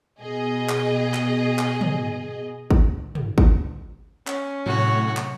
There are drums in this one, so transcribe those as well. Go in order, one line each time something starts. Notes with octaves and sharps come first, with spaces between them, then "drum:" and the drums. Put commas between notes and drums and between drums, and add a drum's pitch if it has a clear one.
B2 G#4 D#5
drum: clap
drum: clap
drum: clap
drum: tom
drum: kick
drum: tom
drum: kick
C#4, drum: clap
A2 C3 F#3 F#4 C#5
drum: clap